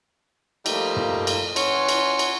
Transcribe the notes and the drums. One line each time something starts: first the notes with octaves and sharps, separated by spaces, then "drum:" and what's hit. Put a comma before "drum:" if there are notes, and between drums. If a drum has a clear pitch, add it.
F3 G3 A3 A#3 D#4, drum: cymbal
drum: tom
drum: cymbal
E3 C#4 C#5 F#5 C6, drum: cymbal
drum: cymbal
drum: cymbal